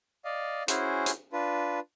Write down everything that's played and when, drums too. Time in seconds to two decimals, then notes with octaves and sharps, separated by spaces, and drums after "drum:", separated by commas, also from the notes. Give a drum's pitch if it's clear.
0.25 D5 D#5 F5
0.68 C#4 E4 F#4 G#4 C5, drum: hi-hat
1.06 drum: hi-hat
1.33 D4 F4 B4